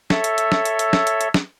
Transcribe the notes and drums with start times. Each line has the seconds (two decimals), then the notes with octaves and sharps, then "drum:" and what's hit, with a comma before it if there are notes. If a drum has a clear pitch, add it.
0.10 A4 C#5 E5, drum: snare
0.24 drum: hi-hat
0.38 drum: hi-hat
0.52 drum: snare
0.65 drum: hi-hat
0.79 drum: hi-hat
0.93 drum: snare
1.07 drum: hi-hat
1.21 drum: hi-hat
1.34 drum: snare